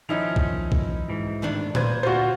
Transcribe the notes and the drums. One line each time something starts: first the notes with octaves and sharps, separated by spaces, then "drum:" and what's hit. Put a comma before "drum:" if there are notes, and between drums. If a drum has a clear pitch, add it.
D#3 F3 C#4 D#4 E4 F7
drum: kick B1
drum: kick B1
G#2 E3
A2 D#3 D4
A#2 B4 C5 G#6, drum: tom A2
D2 F4 F#4 C5 A6